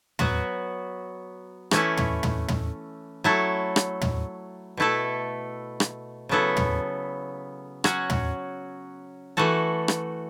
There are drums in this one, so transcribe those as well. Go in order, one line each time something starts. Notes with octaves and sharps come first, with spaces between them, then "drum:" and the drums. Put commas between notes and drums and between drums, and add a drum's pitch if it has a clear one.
F#3 B3 F#4, drum: tom
E3 A3 C#4 E4, drum: rim click
drum: tom
drum: tom
drum: tom
F#3 A3 E4 A4
drum: rim click
drum: tom
B2 A3 E4 A4
drum: rim click
C#3 F#3 B3 E4 A4
drum: tom
F#3 C#4 F#4, drum: rim click
drum: tom
E3 A3 F#4 A4
drum: rim click